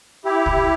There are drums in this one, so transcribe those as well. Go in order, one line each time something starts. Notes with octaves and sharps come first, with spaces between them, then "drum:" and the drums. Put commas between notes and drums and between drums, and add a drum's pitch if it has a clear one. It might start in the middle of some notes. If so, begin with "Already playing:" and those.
E4 G4
drum: kick